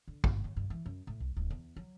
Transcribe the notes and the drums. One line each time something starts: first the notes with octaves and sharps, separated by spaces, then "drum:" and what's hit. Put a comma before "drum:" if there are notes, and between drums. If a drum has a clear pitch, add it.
D3
G1, drum: kick
F#3
G2
E3
F#2
A2
C2
D1
E2
F#3